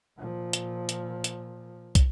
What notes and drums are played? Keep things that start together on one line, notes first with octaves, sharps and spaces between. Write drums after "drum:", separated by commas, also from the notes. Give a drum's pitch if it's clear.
A#2 F3
drum: hi-hat
drum: hi-hat
drum: hi-hat
drum: kick, hi-hat